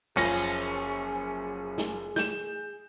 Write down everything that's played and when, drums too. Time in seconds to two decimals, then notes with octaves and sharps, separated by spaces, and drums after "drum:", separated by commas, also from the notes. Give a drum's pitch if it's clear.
0.17 F#1 F3 C#4 G#4 A#6, drum: cymbal
0.36 drum: tambourine
1.78 drum: snare
2.16 G6 E7, drum: snare